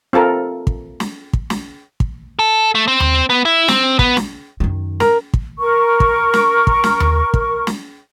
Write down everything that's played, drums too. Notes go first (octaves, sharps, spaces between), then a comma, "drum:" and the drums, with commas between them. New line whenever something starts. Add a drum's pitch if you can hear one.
C4 F4 A4 A#4
drum: kick
drum: snare
drum: kick
drum: snare
drum: kick
A4
A3
C4
drum: tom D#2
B3
E4
C4, drum: snare
B3, drum: kick
drum: snare
F#2 D#3
A#4, drum: snare
drum: kick
A#4 C#6
drum: kick
drum: snare
drum: kick
drum: snare
drum: tom D#2
drum: kick
drum: snare